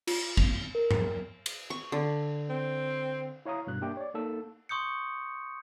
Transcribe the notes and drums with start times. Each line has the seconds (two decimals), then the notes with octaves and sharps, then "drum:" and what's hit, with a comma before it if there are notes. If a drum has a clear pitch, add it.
0.07 F4, drum: cymbal
0.37 F7, drum: kick
0.75 A#4
0.91 drum: tom G#2
1.46 drum: cymbal
1.70 C#6
1.92 D3
2.49 C4
3.46 E4 C#5 F5 A#5 D#6
3.67 G2 B2 F#6
3.81 A#3 D4 G4 E5 G5
3.97 C#5 D5
4.14 A#3 D#4 A4 E6
4.69 C6 C#6 D#6 G6 C#7